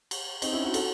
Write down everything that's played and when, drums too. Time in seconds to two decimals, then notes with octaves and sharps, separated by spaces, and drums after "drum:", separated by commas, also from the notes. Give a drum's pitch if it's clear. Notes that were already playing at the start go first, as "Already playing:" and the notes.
0.11 drum: cymbal
0.42 C4 D#4, drum: cymbal
0.53 C#4 E4
0.64 D#4 F#4
0.74 F#4 A4, drum: cymbal